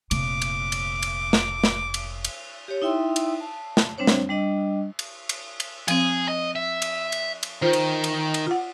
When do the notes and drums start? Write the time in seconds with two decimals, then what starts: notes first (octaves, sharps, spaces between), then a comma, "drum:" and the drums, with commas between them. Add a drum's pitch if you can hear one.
0.11 F1 A#2 D6, drum: cymbal
0.42 drum: cymbal
0.72 drum: cymbal
1.03 drum: cymbal
1.33 drum: snare
1.64 drum: snare
1.94 drum: cymbal
2.24 drum: cymbal
2.68 G4 C#5
2.82 D#4 E4 E5 G5 C6 E6
3.16 drum: cymbal
3.41 A5
3.77 drum: snare
3.98 G3 C4 D4 C5 C#5
4.07 drum: snare
4.29 G3 D4 D#5
4.99 drum: cymbal
5.29 drum: cymbal
5.60 drum: cymbal
5.88 F3 C4 G#4, drum: cymbal
6.28 D#5
6.56 E5
6.82 drum: cymbal
7.12 drum: cymbal
7.43 drum: cymbal
7.62 D#3 F4 C5
7.73 drum: cymbal
8.04 drum: cymbal
8.34 drum: cymbal
8.47 F4 F#5